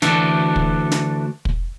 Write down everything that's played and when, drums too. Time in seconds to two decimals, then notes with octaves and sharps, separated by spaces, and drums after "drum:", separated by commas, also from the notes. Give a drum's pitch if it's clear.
0.02 D2 E3 D4 F#4 A4, drum: snare
0.56 drum: kick
0.92 drum: snare
1.45 drum: kick